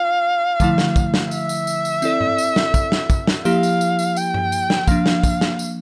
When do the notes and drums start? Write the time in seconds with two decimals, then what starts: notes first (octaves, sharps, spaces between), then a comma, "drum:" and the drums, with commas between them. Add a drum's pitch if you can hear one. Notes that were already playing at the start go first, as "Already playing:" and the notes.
Already playing: F4 F5
0.60 D3 F3 A3 E4, drum: kick, tambourine
0.78 drum: snare
0.96 drum: kick, tambourine
1.14 drum: snare
1.31 E5, drum: tambourine
1.49 drum: tambourine
1.67 drum: tambourine
1.85 drum: tambourine
2.02 C4 E4 A4 D5, drum: tambourine
2.21 drum: tom G#2
2.38 drum: tambourine
2.56 drum: snare
2.74 drum: kick, tambourine
2.92 drum: snare
3.10 drum: kick, tambourine
3.27 drum: snare
3.45 F3 A#3 E4 G4 F5, drum: tambourine
3.63 drum: tambourine
3.81 drum: tambourine
3.99 drum: tambourine
4.16 G5, drum: tambourine
4.34 drum: tom G2
4.52 drum: tambourine
4.70 drum: snare
4.88 F3 A#3 D4 F5, drum: kick, tambourine
5.06 drum: snare
5.23 drum: kick, tambourine
5.41 drum: snare
5.59 drum: tambourine